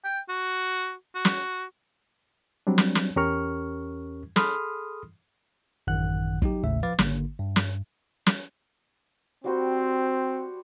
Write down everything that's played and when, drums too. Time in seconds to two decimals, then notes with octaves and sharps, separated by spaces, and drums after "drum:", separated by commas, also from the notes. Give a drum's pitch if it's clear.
0.05 G5
0.29 F#4
1.15 F#4
1.25 drum: snare
2.67 F#3 G3 C4 D4
2.78 drum: snare
2.95 drum: snare
3.16 E2 C#4 G4 A#4 C#6 F6
4.36 G#4 A4 B5 C6 D#6 F6, drum: snare
5.87 A1 F#2 D#3 F#5 F#6
6.42 F#3 D#4 G4, drum: kick
6.64 A1 D#2 A2 C#3 A3 E5
6.83 F3 B4 F5 D6 A6
6.99 G#1 D3 A#3, drum: snare
7.39 G2
7.56 drum: snare
8.26 drum: snare
9.44 G3 C4 F#4 C5